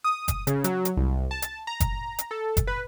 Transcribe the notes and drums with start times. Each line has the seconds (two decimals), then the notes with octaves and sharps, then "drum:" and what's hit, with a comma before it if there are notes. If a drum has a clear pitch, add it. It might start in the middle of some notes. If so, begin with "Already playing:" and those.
0.04 D#6
0.28 drum: kick F#1, hi-hat
0.47 C#3, drum: hi-hat
0.64 F#3, drum: hi-hat
0.85 drum: hi-hat
0.97 C2
1.31 A5
1.42 drum: hi-hat
1.67 A#5
1.80 drum: kick F#1, hi-hat
2.19 drum: hi-hat
2.31 A4
2.57 drum: kick F#1, hi-hat
2.67 B4